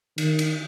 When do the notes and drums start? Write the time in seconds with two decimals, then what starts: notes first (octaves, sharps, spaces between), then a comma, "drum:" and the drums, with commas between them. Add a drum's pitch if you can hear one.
0.18 D#3, drum: cymbal
0.39 drum: cymbal